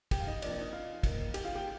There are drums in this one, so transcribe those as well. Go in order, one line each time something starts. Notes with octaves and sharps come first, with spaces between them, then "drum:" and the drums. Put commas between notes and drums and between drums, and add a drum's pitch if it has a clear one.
G4 G5, drum: kick, cymbal
F5
D#4 D#5
C3 F3 A#3 D4 D5, drum: cymbal
D#4 D#5
F4 F5
D#3 A#3 D#4, drum: kick, cymbal
G4 G5, drum: cymbal
F4 F5
G4 G5